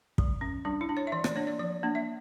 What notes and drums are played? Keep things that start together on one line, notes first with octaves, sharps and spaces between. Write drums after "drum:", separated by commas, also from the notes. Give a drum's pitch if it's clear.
G3, drum: kick
C#4
G3 D4
E4
D4
C#5
E5
E3 D5
D5, drum: rim click
A#3 D4 C#5
D5
F3 D5
A#3 D4
E5